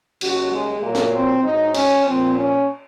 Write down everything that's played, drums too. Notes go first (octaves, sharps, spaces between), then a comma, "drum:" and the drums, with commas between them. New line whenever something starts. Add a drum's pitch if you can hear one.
D#2 C#3 F#3 F#4, drum: cymbal
G#3
A#2 F#3 A#3
drum: snare
C4
G#2 F#3 D#4
C#4, drum: cymbal
A#2 F3 C4
C#4